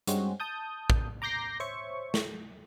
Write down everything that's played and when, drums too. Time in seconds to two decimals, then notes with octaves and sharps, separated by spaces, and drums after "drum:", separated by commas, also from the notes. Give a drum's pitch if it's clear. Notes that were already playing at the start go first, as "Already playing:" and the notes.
0.07 G2 G3 G#3 C4 C#4 F#4, drum: hi-hat
0.40 A5 D#6 G6
0.90 drum: kick
1.22 A#5 D6 G6 A#6 C7
1.60 C5 C#5 E5 C#6
2.14 drum: snare